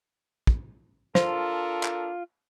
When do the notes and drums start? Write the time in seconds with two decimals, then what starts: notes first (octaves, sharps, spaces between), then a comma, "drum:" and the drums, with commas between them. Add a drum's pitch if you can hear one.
0.47 drum: kick
1.15 D4 F4 A4 A#4 C5, drum: snare
1.83 drum: clap